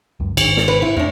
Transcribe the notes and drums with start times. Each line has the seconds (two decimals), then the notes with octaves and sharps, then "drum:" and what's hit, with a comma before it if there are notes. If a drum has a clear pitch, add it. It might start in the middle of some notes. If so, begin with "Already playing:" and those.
0.20 C#2 F#2
0.37 G#1 G#2 D#3, drum: cymbal
0.57 drum: snare
0.68 B4
0.82 E4
0.97 E2 A2 D4